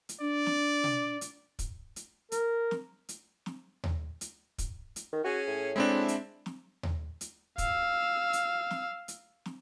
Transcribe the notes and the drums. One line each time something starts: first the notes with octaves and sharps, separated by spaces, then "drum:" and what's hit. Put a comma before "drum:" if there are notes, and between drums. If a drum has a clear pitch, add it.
drum: hi-hat
D4 D5
drum: snare
drum: tom B2
drum: hi-hat
drum: kick, hi-hat
drum: hi-hat
A#4, drum: hi-hat
drum: snare
drum: hi-hat
drum: snare
drum: tom D#2
drum: hi-hat
drum: kick, hi-hat
drum: hi-hat
D#3
C#4 F#4 G#4
A2
G#3 C4 D4 E4 E5
drum: hi-hat
drum: snare
drum: tom D#2
drum: hi-hat
F5 E6, drum: kick, hi-hat
drum: hi-hat
drum: snare
drum: hi-hat
drum: snare